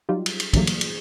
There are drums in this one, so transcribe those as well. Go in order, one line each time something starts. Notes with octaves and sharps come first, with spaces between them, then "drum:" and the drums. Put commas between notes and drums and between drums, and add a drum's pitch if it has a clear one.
F#3 G3 D#4 F4 G4
drum: cymbal
drum: cymbal
D3 E3 F#3 G3 A3 A#3, drum: kick, cymbal
drum: cymbal
drum: cymbal